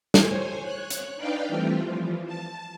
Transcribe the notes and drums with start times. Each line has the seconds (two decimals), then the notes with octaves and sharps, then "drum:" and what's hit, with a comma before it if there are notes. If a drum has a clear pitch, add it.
0.14 C5 C#5 G#5, drum: snare
0.62 C#5 F#6
0.90 drum: hi-hat
1.16 D4 D#4 B4 D5 F5 G5
1.48 E3 G3 A3 C4 F4
1.85 E3 F3
2.27 A5